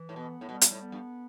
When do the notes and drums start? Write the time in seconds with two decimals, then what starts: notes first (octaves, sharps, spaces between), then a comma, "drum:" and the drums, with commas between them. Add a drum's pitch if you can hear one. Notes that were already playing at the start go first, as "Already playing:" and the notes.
Already playing: E3
0.09 A2
0.16 B2 B3
0.41 A2
0.49 B2 G3
0.61 drum: hi-hat
0.71 A2
0.82 B3
0.92 G2